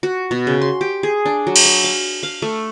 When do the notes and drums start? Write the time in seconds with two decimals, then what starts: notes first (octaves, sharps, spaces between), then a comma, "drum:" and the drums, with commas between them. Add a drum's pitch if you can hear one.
0.03 F#4
0.31 B2
0.47 C#3
0.61 C6
0.81 G4
1.03 G#4
1.25 D4
1.47 F#3
1.56 drum: cymbal
1.65 E5
1.84 F5
2.23 F5
2.42 A3